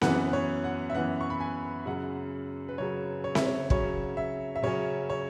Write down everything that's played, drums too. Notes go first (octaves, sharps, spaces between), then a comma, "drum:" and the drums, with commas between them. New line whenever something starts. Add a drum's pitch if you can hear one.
F#2 E3 B3 F#5, drum: snare C4
C#5
F#5
E5
F#2 E3 B3 F#5
C#6
B5
G#5
F#2 C#3 F#3 F#5
B4
F#2 C#3 F#3 C#5
C#5
E5, drum: snare C4
C#5
C#3 F#3 C#4 C#5, drum: kick
E5
E5
C#3 F#3 C#4 C#5
C#5